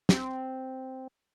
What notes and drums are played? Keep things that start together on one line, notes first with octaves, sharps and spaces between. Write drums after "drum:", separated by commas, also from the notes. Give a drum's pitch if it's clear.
C4, drum: snare